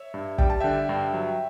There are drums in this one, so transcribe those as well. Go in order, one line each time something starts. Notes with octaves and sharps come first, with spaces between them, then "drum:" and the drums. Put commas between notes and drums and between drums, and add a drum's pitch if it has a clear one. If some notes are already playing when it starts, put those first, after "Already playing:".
Already playing: C#5 E5
G2
G3 G5, drum: kick
A5
D3 E5 G5
G2
F#3